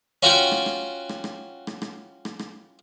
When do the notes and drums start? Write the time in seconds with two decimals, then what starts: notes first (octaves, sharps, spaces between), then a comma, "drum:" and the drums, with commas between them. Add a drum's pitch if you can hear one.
0.23 C#4 F4 F#4 F#5 G5 C#6
0.52 drum: rim click
0.66 drum: rim click
1.09 drum: rim click
1.24 drum: rim click
1.67 drum: rim click
1.82 drum: rim click
2.25 drum: rim click
2.39 drum: rim click